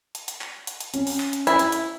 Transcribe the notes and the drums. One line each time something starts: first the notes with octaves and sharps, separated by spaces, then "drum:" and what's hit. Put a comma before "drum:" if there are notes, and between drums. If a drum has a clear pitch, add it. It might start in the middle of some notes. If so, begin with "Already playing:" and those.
drum: hi-hat
drum: hi-hat
drum: clap
drum: hi-hat
drum: hi-hat
C#4, drum: hi-hat
drum: open hi-hat
drum: clap
drum: hi-hat
E4, drum: hi-hat
drum: hi-hat
drum: hi-hat